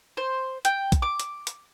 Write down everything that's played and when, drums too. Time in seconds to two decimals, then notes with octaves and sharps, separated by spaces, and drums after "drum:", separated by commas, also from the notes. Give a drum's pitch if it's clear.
0.17 C5
0.65 G5, drum: hi-hat
0.92 drum: kick, hi-hat
1.02 D6
1.20 drum: hi-hat
1.47 drum: hi-hat